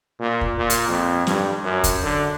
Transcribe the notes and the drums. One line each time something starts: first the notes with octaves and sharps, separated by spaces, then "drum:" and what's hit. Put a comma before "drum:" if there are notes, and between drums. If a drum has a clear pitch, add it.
A#2
drum: kick
A#2
drum: hi-hat
F2
G2, drum: snare
F#2
drum: kick, hi-hat
D3